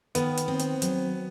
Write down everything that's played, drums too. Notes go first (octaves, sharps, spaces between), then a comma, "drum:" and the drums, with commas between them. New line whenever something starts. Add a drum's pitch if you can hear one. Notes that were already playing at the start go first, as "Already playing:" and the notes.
D#3 B3, drum: hi-hat
drum: hi-hat
C4
drum: hi-hat
F#3, drum: hi-hat